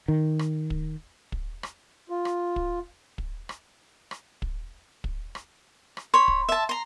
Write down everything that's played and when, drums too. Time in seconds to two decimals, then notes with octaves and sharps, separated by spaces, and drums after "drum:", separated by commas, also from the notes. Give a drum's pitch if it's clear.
0.08 D#3
0.39 drum: rim click
0.70 drum: kick
1.32 drum: kick
1.63 drum: rim click
2.10 F4
2.25 drum: rim click
2.56 drum: kick
3.18 drum: kick
3.49 drum: rim click
4.11 drum: rim click
4.42 drum: kick
5.04 drum: kick
5.35 drum: rim click
5.97 drum: rim click
6.14 C#5 B5 C6
6.28 drum: kick
6.49 E5 A5
6.69 A#5 C6